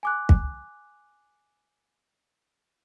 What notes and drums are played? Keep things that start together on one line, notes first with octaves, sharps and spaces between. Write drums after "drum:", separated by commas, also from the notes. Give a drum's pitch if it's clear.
G#5 D6 F#6
drum: kick